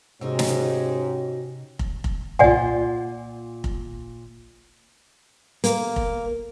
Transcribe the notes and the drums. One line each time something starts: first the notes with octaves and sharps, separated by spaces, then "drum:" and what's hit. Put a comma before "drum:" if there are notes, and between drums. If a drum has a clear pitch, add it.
G#2 C3 C#4 D#4 F#4 G4
drum: snare
drum: kick F1
drum: kick F1
A#2 F4 D5 F#5 G#5, drum: tom
drum: kick F1
A#3, drum: hi-hat
drum: kick F1